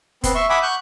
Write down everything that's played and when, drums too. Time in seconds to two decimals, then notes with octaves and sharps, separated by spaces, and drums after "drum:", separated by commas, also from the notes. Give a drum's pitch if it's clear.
0.24 B3 C4 C6, drum: kick, hi-hat
0.35 E5 C6 C#6
0.50 E5 F#5 G#5 B5 D6 D#6
0.63 F#5 C#6 F#6 G6